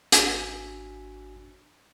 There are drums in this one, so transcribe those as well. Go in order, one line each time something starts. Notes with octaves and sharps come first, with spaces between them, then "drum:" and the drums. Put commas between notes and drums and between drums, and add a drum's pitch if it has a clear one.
G#1 D4 F#4 G#5 E6 B6, drum: hi-hat